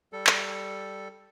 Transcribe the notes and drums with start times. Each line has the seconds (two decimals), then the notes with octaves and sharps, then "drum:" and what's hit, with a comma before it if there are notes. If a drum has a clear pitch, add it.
0.13 G3 A4
0.27 drum: clap